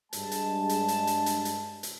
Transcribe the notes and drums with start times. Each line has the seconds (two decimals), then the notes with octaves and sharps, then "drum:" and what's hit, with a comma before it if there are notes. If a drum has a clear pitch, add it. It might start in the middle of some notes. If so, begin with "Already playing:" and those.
0.13 G2 G#3 A5, drum: hi-hat
0.32 drum: hi-hat
0.69 drum: hi-hat
0.88 drum: hi-hat
1.07 drum: hi-hat
1.26 drum: hi-hat
1.45 drum: hi-hat
1.83 drum: hi-hat